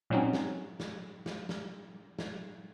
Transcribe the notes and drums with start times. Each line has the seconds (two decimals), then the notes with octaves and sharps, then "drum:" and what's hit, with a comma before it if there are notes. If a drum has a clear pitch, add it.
0.10 A#2 F#3 G3 C4 C#4 D#4
0.33 drum: snare
0.80 drum: snare
1.26 drum: snare
1.49 drum: snare
2.19 drum: snare